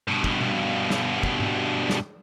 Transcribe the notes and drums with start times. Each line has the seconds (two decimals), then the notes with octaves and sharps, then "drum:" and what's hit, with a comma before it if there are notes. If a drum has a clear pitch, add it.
0.08 G2 B2
0.24 drum: kick
0.41 drum: tom
0.90 drum: snare
1.23 drum: kick
1.40 drum: tom G#2
1.90 drum: snare